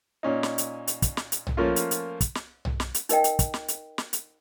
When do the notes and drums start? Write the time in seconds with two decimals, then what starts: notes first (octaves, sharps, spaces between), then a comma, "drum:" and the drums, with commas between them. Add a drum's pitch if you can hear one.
0.23 A#2 C#4 D#4
0.43 drum: snare
0.58 drum: hi-hat
0.87 drum: hi-hat
1.02 drum: kick, hi-hat
1.17 drum: snare
1.32 drum: hi-hat
1.47 drum: tom B1
1.57 F3 A3 A#3 C#4 F4
1.76 drum: hi-hat
1.91 drum: hi-hat
2.21 drum: kick, hi-hat
2.35 drum: snare
2.65 drum: tom B1
2.80 drum: snare
2.94 drum: hi-hat
3.09 D#4 A#4 D#5 G5, drum: hi-hat
3.24 drum: hi-hat
3.39 drum: kick, hi-hat
3.54 drum: snare
3.68 drum: hi-hat
3.98 drum: snare
4.13 drum: hi-hat